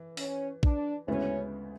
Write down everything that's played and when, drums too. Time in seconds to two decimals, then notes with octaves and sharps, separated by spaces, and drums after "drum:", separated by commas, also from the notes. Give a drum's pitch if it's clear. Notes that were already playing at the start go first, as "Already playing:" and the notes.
Already playing: E3
0.17 C#4, drum: open hi-hat
0.63 D4, drum: kick A#1
1.08 D2 C#3 G#3 B3 C#4 E4